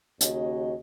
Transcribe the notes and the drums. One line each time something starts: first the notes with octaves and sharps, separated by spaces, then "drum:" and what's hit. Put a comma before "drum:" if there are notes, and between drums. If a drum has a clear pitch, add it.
D#2 C#3 F#4 C#5 D#5, drum: hi-hat